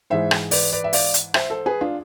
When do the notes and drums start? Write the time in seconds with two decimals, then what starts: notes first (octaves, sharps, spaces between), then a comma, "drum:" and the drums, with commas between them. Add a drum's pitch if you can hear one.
0.10 G#2 E3 G#3 C5 E5
0.31 drum: rim click
0.51 B4 D5, drum: open hi-hat
0.72 B4 D5
0.84 E5
0.93 D5 F5, drum: open hi-hat
1.14 drum: hi-hat
1.34 C5 E5, drum: rim click
1.50 A4 C5
1.66 G#4 B4
1.81 D4 F4